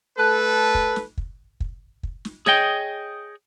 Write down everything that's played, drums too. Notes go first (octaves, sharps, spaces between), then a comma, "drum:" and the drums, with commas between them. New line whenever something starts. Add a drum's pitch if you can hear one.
A3 A4 B4
drum: kick
drum: snare
drum: kick
drum: kick
drum: kick
drum: snare
G#4 C#5 D#5 G5, drum: snare